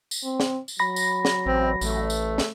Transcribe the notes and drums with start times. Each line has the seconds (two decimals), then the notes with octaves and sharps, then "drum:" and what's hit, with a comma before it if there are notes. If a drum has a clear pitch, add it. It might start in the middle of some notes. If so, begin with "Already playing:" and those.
0.11 drum: tambourine
0.24 C4
0.40 drum: snare
0.68 drum: tambourine
0.79 F#3 B5 A#6
0.96 drum: tambourine
1.25 drum: snare
1.46 A1 C4
1.81 A1 A3, drum: tambourine
2.10 drum: tambourine
2.38 drum: snare